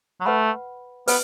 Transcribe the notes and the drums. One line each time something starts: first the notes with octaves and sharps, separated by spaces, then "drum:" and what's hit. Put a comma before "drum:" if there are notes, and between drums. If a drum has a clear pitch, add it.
F#3
A3 B4 F#5 B5
B3 B4, drum: open hi-hat